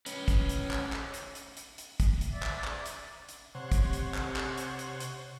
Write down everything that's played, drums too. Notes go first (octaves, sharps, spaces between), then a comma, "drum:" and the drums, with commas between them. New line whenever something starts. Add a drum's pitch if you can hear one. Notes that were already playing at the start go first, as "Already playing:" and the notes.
C#4 B4, drum: hi-hat
drum: kick, hi-hat
drum: hi-hat
drum: clap
drum: clap
drum: hi-hat
drum: hi-hat
drum: hi-hat
drum: hi-hat
drum: kick, hi-hat
drum: hi-hat
D5 E5
drum: clap
drum: clap
drum: hi-hat
drum: hi-hat
C3 C5 C#5 F#5
drum: kick, hi-hat
drum: hi-hat
drum: clap
drum: clap
drum: hi-hat
drum: hi-hat
drum: hi-hat